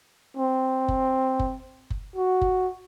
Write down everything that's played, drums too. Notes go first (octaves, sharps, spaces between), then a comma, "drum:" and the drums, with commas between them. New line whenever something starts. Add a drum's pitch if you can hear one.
C4
drum: kick F#1
drum: kick F#1
drum: kick F#1
F#4
drum: kick F#1